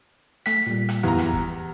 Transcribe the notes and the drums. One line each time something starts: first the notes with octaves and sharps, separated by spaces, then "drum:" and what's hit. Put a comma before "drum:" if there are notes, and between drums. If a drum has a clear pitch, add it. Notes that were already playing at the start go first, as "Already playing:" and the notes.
A3 B6, drum: rim click
A#2 G3
drum: rim click
E2 G4 A#5, drum: tom F2
drum: rim click
drum: kick